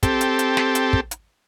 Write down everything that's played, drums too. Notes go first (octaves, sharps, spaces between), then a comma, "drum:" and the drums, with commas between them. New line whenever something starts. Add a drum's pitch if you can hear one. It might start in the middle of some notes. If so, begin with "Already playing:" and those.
C4 G4 A4, drum: kick, hi-hat
drum: hi-hat
drum: hi-hat
drum: snare
drum: hi-hat
drum: kick
drum: hi-hat